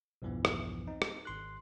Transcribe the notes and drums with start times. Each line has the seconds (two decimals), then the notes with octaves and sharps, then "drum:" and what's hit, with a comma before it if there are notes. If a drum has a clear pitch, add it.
0.22 B1 E2 G2 E3 F3 B3
0.45 drum: rim click
0.87 C4 D#4
1.02 drum: rim click
1.25 G#1 C6 F#6